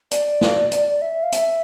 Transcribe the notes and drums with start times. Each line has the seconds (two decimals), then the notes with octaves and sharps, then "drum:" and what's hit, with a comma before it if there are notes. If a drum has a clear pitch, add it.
0.11 D5, drum: hi-hat
0.41 drum: snare
0.72 drum: hi-hat
1.02 E5
1.23 F5
1.32 E5, drum: hi-hat